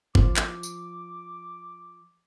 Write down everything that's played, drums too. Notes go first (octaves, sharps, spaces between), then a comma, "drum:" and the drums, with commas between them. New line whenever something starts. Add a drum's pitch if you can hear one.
F3 D6, drum: kick
drum: clap
drum: tambourine